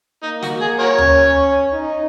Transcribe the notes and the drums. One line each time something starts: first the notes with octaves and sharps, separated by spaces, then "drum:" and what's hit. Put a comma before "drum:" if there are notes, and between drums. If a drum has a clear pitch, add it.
A#3 D#4
F#4, drum: snare
G#4
F#4 A#4 C#5
C#4, drum: tom D2
D#4